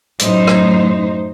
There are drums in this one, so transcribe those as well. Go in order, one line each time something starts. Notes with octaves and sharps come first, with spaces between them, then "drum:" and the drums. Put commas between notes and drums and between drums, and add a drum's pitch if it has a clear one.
F#2 A2 D#4 C5, drum: hi-hat
drum: rim click